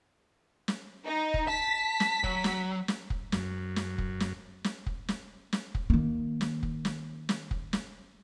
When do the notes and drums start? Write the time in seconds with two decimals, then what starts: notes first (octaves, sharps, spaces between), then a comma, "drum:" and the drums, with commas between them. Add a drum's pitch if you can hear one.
0.68 drum: snare
1.05 D#4
1.34 drum: kick
1.48 A5 B6
2.00 drum: snare
2.24 F#3, drum: kick
2.44 drum: snare
2.88 drum: snare
3.10 drum: kick
3.32 F#2, drum: snare
3.76 drum: snare
3.98 drum: kick
4.20 drum: snare
4.64 drum: snare
4.86 drum: kick
5.08 drum: snare
5.53 drum: snare
5.75 drum: kick
5.90 D#3 A#3
6.41 drum: snare
6.63 drum: kick
6.85 drum: snare
7.29 drum: snare
7.51 drum: kick
7.73 drum: snare